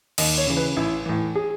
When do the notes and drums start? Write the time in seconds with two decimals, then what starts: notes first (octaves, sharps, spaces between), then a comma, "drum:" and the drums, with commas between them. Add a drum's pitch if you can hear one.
0.18 D#2 D#5, drum: cymbal
0.38 C#5
0.47 C#3 E3
0.57 B4
0.77 A1 E4
1.06 A2 E3
1.36 G#4